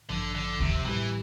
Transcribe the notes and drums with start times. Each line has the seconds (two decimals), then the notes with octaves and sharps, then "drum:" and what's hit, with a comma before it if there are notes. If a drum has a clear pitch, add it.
0.09 A1 G2 D3 F3
0.35 D3
0.60 C3, drum: kick D2
0.84 A2 E3 G3 C4 G4